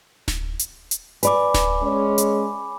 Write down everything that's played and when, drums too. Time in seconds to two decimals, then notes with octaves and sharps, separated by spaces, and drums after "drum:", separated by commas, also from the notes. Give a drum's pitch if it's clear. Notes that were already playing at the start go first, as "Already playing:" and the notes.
0.28 drum: snare D1
0.59 drum: hi-hat
0.91 drum: hi-hat
1.23 B4 D5 G#5 B5 D6, drum: hi-hat
1.54 drum: snare D1
1.82 G#3 C#4
2.18 drum: hi-hat